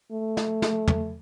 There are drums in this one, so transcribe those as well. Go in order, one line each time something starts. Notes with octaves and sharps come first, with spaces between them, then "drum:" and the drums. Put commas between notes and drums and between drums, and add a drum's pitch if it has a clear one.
A3
drum: snare
drum: snare
drum: tom